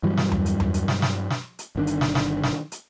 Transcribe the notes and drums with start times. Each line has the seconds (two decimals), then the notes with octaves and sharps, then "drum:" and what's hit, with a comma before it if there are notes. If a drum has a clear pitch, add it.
0.03 G2 E3 F#3 G3
0.17 drum: snare
0.32 drum: tom E2
0.46 drum: hi-hat
0.60 drum: tom E2
0.74 drum: hi-hat
0.88 drum: snare
1.02 drum: snare
1.30 drum: snare
1.59 drum: hi-hat
1.76 G1 D#3 D4
1.87 drum: hi-hat
2.01 drum: snare
2.15 drum: snare
2.43 drum: snare
2.72 drum: hi-hat